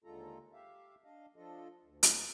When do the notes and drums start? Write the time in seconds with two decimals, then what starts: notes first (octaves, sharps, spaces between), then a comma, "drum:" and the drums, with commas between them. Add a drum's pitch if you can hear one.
0.04 D#2 D3 G#3 F4 A4 A#5
0.53 G4 E5 F5
1.04 D4 D#5 F5
1.36 F3 D4 F4 A4 D#5
1.84 D2
2.03 drum: hi-hat